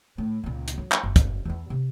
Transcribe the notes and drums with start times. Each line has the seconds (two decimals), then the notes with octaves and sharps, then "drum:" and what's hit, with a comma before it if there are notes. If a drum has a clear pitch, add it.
0.18 A2
0.44 C#2 A#2
0.68 drum: hi-hat
0.78 F#3
0.92 drum: clap
1.03 F#1
1.16 drum: kick, hi-hat
1.45 E2 E4
1.70 C3